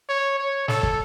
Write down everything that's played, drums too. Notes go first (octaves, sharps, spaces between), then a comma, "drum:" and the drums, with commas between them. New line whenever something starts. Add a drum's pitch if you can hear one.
C#5
C#5
A4, drum: snare
drum: kick